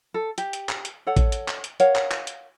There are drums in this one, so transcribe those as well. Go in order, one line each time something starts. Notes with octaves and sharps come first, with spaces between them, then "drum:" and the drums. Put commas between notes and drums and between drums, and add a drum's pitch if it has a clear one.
A4
G4, drum: hi-hat
drum: hi-hat
drum: clap
drum: hi-hat
A4 C#5 F#5
drum: kick, hi-hat
drum: hi-hat
drum: clap
drum: hi-hat
A#4 C#5 F5 F#5, drum: hi-hat
drum: clap
drum: clap
drum: hi-hat